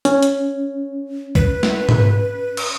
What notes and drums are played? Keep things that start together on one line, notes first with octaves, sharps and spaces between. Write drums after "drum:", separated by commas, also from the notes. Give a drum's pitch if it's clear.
C#4, drum: hi-hat
drum: hi-hat
B4, drum: kick
drum: snare
drum: tom G#2
drum: cymbal